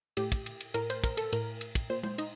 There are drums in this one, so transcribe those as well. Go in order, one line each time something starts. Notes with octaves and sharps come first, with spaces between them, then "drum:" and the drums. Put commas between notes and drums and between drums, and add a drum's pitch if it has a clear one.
A2 G4, drum: cymbal
drum: kick, cymbal
drum: cymbal
drum: cymbal
A2 A#4, drum: cymbal
C5, drum: cymbal
A#4, drum: kick, cymbal
A4, drum: cymbal
A2 A#4, drum: cymbal
drum: cymbal
drum: kick, cymbal
A#2 C5
C5, drum: tom G#3
D#4, drum: cymbal